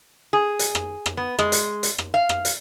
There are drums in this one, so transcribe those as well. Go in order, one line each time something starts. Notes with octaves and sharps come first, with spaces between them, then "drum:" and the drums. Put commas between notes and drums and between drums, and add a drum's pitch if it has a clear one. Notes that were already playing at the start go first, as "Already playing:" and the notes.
G#4
drum: hi-hat
drum: rim click
drum: rim click
B3
G#3, drum: rim click
drum: hi-hat
drum: hi-hat
drum: rim click
F5
drum: rim click
drum: hi-hat